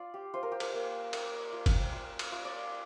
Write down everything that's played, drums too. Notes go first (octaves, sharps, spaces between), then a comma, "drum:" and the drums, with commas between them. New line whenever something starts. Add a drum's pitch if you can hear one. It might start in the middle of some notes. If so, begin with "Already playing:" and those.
Already playing: F4 D5 F5
G4
F4 C5
A#4
G4
A#4, drum: cymbal
A#3
A#3 G5, drum: cymbal
F4
drum: kick, cymbal
F4 F5
F5, drum: cymbal
F4
D5